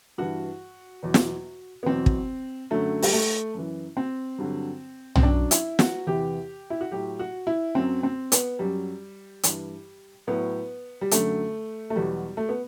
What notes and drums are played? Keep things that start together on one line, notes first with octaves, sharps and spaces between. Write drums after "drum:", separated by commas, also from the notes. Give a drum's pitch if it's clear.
G2 E3 F#4
E2 B2 F#3
drum: snare
B3
E2 B2 F#3 C4
drum: kick
F#2 D3 F#3 A3
G3, drum: open hi-hat
A3
F#2 E3
C4
G2 D3 F#3
C4, drum: tom
F#2 F#3 D4
E4, drum: hi-hat
F#4, drum: snare
E2 C3 E3 G4
E4
F#4
A2 F#3 G4
F#4
E4
F#2 F#3 C4
C4
B3, drum: hi-hat
F#2 F#3 G3
G2 E3, drum: hi-hat
A2 F#3 B3
G3
F#2 D3 F#3 A3, drum: hi-hat
A3
E2 B2 F#3 G3
A3
B3